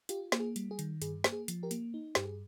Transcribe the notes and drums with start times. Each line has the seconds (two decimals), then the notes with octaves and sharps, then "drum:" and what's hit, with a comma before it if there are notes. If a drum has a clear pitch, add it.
0.09 F4 G4, drum: hi-hat
0.32 A#3, drum: snare
0.40 G#4
0.56 G3, drum: hi-hat
0.71 G#4
0.79 D#3, drum: hi-hat
1.02 G2 G#4, drum: hi-hat
1.24 A#3, drum: snare
1.32 G#4
1.48 F3, drum: hi-hat
1.63 G4 A#4
1.71 A#3, drum: hi-hat
1.94 D#4
2.15 G2 G4, drum: snare
2.25 G#4